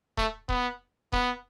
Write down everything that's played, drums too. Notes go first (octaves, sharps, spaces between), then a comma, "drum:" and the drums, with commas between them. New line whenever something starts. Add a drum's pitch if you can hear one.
A3, drum: kick D#1
B3, drum: kick D#1
B3, drum: kick D#1